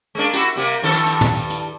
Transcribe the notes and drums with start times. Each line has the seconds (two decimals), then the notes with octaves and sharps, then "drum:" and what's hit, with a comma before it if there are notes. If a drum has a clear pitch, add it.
0.15 G#3 A#3 D4
0.33 E4 F#4 G4, drum: hi-hat
0.56 C3 G3 A#3
0.82 G2 D#3 A4
0.92 drum: hi-hat
1.06 drum: hi-hat
1.21 drum: tom
1.36 drum: hi-hat
1.50 drum: hi-hat